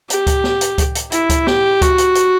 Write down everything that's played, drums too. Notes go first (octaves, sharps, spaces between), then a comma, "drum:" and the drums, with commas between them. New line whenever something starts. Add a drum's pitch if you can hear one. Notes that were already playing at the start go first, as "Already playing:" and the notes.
G4, drum: hi-hat
drum: kick C#2, hi-hat
drum: snare
drum: hi-hat
drum: kick C#2, hi-hat
drum: hi-hat
E4, drum: hi-hat
drum: kick C#2, hi-hat
G4, drum: snare
F#4, drum: kick C#2, hi-hat
drum: hi-hat
drum: hi-hat